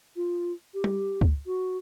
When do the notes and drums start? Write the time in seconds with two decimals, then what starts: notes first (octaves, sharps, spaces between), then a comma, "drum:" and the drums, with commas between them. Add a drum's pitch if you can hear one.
0.16 F4
0.74 G4
0.84 drum: tom G3
1.21 drum: kick
1.46 F#4